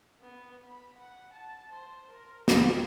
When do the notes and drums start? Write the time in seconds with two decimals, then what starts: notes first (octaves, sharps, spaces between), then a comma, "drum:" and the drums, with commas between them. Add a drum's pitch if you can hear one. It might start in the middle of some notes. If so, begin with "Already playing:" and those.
0.21 B3
0.65 B5
0.98 F#5
1.33 A5
1.72 C5
2.10 A#4
2.48 G4, drum: snare